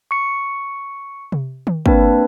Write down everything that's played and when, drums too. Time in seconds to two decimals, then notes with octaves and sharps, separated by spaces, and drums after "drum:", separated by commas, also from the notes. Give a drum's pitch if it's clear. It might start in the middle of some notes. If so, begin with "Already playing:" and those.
0.11 C#6 C#7
1.32 drum: tom C3
1.67 drum: tom D#3
1.86 A#3 C4 D4 B4, drum: kick